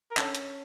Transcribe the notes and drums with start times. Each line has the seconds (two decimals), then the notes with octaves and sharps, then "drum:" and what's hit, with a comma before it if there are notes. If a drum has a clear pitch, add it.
0.11 A#4
0.17 C#4 A4, drum: clap
0.35 drum: hi-hat